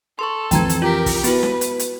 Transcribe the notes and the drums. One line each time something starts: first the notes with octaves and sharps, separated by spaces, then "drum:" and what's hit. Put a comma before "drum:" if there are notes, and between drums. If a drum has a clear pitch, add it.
A4 C6 C#6
F2 E3 G5 A#5 G#6, drum: kick, hi-hat
drum: hi-hat
F4 G4 A#4 B6
drum: kick, open hi-hat
B3 E4 F#4 B4, drum: hi-hat
drum: snare
drum: hi-hat
drum: hi-hat